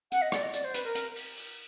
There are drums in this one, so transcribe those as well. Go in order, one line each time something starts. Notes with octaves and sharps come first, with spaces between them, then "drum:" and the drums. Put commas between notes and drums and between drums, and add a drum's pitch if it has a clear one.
F#5, drum: hi-hat
D#5
D5, drum: rim click
D#5
D5, drum: hi-hat
C5
B4, drum: hi-hat
A#4
drum: hi-hat
drum: open hi-hat
drum: open hi-hat